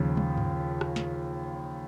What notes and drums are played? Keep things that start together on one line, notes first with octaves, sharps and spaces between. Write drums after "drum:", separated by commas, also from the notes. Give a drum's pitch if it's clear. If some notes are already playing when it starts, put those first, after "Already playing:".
Already playing: D#2 C#3 F3
drum: tom
drum: tom G2
drum: rim click
drum: snare